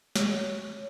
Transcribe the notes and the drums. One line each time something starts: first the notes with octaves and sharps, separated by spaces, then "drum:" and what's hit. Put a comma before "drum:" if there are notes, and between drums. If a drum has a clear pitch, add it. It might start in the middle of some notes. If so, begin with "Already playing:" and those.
C#5, drum: snare